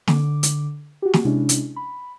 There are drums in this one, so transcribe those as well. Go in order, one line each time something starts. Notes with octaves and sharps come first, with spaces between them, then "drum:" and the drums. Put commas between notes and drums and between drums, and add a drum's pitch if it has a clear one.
D3 D6, drum: snare
drum: hi-hat
F#4 G4
drum: snare
C3 G#3 C#4 D4 E4
drum: hi-hat
B5